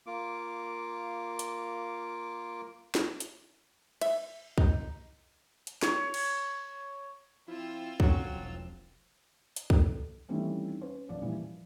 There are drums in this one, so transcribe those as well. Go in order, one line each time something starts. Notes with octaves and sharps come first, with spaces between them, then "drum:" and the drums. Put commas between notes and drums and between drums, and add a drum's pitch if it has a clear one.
A#3 F4 D6
drum: hi-hat
drum: snare
drum: hi-hat
E5, drum: cymbal
D#4, drum: kick
drum: hi-hat
C#5, drum: snare
drum: cymbal
F3 C4 E4 F4 E6
D3 F#3 C#4 C#6, drum: kick
E1 B1 F3
drum: hi-hat
A4, drum: kick
D#3 E3 G3 A3 C4 C#4
C#4 B4 C5
B1 F#2 F3 D5
A#2 E3 G3
F3